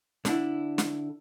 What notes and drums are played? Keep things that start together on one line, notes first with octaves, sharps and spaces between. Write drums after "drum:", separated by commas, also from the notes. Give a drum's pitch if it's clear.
D3 D4 E4, drum: snare
drum: snare